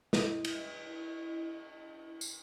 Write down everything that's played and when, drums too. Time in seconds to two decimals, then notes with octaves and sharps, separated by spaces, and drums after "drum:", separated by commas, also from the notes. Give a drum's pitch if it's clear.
0.13 E4 D#5, drum: snare
0.45 drum: cymbal
2.21 drum: tambourine